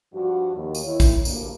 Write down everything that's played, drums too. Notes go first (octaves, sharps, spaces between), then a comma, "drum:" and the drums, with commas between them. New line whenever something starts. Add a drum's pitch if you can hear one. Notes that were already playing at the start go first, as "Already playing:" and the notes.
G2 F3 D4 F#4
D#2
drum: tambourine
D#3 E4 C#5
drum: kick, tambourine
D2 G2 A#2 A#3 A#4, drum: tambourine